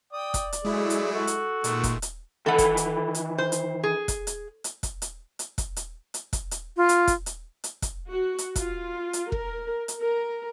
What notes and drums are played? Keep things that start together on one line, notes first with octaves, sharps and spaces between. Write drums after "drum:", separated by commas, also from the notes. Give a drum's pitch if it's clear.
D5 G5 D#6
drum: kick, hi-hat
drum: hi-hat
F#3 G#3 A3 E4 G#4
drum: hi-hat
F#4 A4
drum: hi-hat
A#2 D#3 G#3 A3, drum: hi-hat
drum: kick, hi-hat
drum: hi-hat
D#3 E3 A4 F#5 B5
drum: kick, hi-hat
drum: hi-hat
drum: hi-hat
C5
drum: hi-hat
G#4
drum: kick, hi-hat
drum: hi-hat
drum: hi-hat
drum: kick, hi-hat
drum: hi-hat
drum: hi-hat
drum: kick, hi-hat
drum: hi-hat
drum: hi-hat
drum: kick, hi-hat
drum: hi-hat
F4
drum: hi-hat
drum: kick, hi-hat
drum: hi-hat
drum: hi-hat
drum: kick, hi-hat
F#4
drum: hi-hat
F4, drum: kick, hi-hat
drum: hi-hat
A#4, drum: kick
drum: hi-hat
A#4